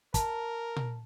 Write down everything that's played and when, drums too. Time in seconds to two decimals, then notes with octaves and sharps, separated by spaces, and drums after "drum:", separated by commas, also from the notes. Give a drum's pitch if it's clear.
0.14 A#4 A5, drum: kick, hi-hat
0.76 drum: tom A#2